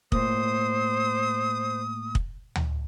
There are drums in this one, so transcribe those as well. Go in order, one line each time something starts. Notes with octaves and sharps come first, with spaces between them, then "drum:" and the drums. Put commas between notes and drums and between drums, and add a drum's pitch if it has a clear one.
A2 A#3 C5 D#6, drum: kick
drum: kick
drum: tom D2